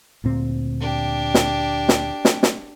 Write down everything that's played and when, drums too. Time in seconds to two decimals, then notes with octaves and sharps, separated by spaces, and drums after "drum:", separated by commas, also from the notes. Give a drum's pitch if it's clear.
0.24 D2 A#2 C4
0.80 D4 G4
1.34 drum: snare
1.89 drum: snare
2.25 drum: snare
2.43 drum: snare